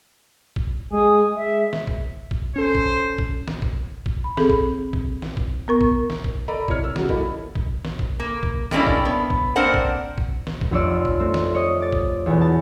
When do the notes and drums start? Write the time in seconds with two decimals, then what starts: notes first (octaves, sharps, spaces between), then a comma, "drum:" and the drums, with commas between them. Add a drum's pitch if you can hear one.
0.56 drum: kick
0.92 G#3 G#5 D#6
1.35 G#3 E5
1.73 drum: snare
1.87 drum: kick
2.31 drum: kick
2.56 C#4 A4 C5
2.75 drum: kick
3.18 drum: kick
3.48 drum: snare
3.62 drum: kick
4.06 drum: kick
4.24 B5
4.37 C4 G#4 A4, drum: snare
4.50 drum: kick
4.93 drum: kick
5.22 drum: snare
5.37 drum: kick
5.68 B3 A#4 C#6
5.81 drum: kick
6.10 drum: snare
6.24 drum: kick
6.48 A4 A#4 D5 D#5 A#5 B5
6.68 C3 E4 C#5 F6, drum: kick
6.84 E6
6.96 C#3 F#3 F#4 G4, drum: snare
7.09 A#3 E4 A4 D#5 B5, drum: kick
7.55 drum: kick
7.85 drum: snare
7.99 drum: kick
8.20 A#3
8.43 drum: kick
8.71 G3 G#3 A#3 C#4 D4 E4, drum: snare
8.87 drum: kick
9.05 B3
9.30 drum: kick
9.56 A#3 C4 D4 A#4 C5 F#5
9.74 drum: kick
10.18 drum: kick
10.47 drum: snare
10.61 drum: kick
10.71 F1 F2 C#5 D5 E6
11.05 drum: kick
11.20 A3 C4
11.34 drum: snare
11.55 C#5 D#5
11.80 D6 A6
11.92 drum: kick
12.26 E2 B2
12.41 A5